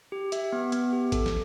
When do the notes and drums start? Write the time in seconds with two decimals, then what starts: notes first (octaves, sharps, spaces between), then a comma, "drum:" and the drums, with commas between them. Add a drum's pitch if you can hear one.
0.12 G4
0.32 G4 E5, drum: hi-hat
0.53 B3
0.72 B3, drum: hi-hat
0.93 G4
1.12 A4, drum: kick G#1, hi-hat
1.26 drum: snare